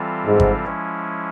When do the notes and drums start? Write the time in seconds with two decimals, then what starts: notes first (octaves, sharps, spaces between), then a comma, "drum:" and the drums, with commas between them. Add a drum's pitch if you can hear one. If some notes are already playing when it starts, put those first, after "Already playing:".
Already playing: E3 G3 C4 F4 A4
0.25 G#2
0.40 drum: kick G#1
0.65 F3 G#3 C#4 E4